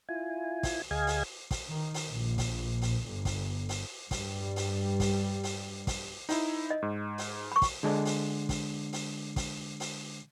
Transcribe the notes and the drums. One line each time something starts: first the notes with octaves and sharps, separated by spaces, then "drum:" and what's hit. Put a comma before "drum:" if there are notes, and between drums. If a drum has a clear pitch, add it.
E4 F4 G#5
drum: kick, open hi-hat
D2 G#4 D#5 F5 G#5 G#6
drum: open hi-hat
drum: kick, open hi-hat
D#3
drum: open hi-hat
A#1
drum: kick, open hi-hat
drum: open hi-hat
G1
drum: kick, open hi-hat
drum: open hi-hat
G2 G3, drum: kick, open hi-hat
drum: open hi-hat
drum: kick, open hi-hat
drum: open hi-hat
drum: kick, open hi-hat
D#4 E4, drum: open hi-hat
D#5
G#2
drum: open hi-hat
B5 C#6
drum: kick, open hi-hat
D3 G#3 D4
drum: open hi-hat
drum: kick, open hi-hat
drum: open hi-hat
drum: kick, open hi-hat
drum: open hi-hat